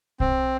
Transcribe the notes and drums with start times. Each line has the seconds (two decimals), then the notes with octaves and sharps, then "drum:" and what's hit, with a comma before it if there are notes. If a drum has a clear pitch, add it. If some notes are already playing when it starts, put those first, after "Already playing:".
0.20 C4, drum: kick